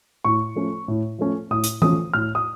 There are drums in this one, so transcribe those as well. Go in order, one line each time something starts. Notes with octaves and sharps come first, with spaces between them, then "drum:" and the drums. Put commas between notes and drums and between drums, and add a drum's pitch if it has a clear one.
A2 C#6
F3 A3 C#4
A2
F3 A3 C#4
A2 D#6
drum: hi-hat
F3 A3 C#4 D#6, drum: tom E3
A2 F6
D#6